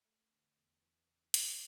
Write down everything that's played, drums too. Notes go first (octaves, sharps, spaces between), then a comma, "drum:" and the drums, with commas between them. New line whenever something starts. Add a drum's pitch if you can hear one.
A3
D3
E2
E3
C#3
D2, drum: hi-hat